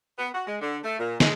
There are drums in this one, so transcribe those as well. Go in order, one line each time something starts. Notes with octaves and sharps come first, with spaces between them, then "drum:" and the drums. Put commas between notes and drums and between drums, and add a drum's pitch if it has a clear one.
B3
F#4
G#3
D3
A3
A#2
G#3, drum: snare